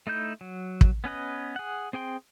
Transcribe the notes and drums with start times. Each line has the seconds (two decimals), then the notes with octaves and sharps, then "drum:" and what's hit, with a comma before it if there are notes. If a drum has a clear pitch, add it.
0.07 A3 D#4 E4 G6
0.41 F#3
0.81 drum: kick
1.04 B3 C#4 B4 D#5
1.56 G#4 F#5
1.93 C4 G#4 G5 C6